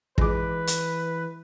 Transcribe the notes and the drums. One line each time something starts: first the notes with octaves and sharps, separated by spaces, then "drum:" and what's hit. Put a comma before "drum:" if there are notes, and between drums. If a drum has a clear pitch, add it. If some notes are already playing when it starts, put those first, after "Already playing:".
E3 G#3 B4 D6, drum: kick
drum: hi-hat